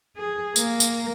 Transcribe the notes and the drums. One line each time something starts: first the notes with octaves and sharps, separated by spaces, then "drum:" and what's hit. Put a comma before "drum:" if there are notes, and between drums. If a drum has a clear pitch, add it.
G#4
A#3, drum: tambourine
drum: tambourine